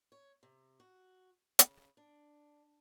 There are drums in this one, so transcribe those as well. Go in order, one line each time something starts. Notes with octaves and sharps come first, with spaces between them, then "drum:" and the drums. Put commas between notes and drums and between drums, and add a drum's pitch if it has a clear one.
C#5
C3
F#4
C#3, drum: hi-hat
D4